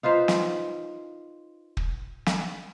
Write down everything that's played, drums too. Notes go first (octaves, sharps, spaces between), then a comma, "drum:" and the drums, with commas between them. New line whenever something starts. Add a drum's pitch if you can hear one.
D#4 F4 B4 C5
drum: snare
drum: kick
drum: snare